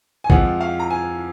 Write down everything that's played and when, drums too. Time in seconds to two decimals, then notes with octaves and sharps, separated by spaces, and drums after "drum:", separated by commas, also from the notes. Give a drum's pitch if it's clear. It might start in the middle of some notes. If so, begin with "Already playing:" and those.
0.24 G#5
0.30 F2 F3 G#3 F#5, drum: kick
0.61 F5
0.79 A#5
0.90 G#5